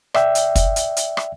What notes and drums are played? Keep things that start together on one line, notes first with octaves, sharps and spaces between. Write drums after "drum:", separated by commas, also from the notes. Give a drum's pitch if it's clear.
D5 E5 G5, drum: rim click
drum: hi-hat
drum: kick, hi-hat
drum: hi-hat
drum: hi-hat
drum: rim click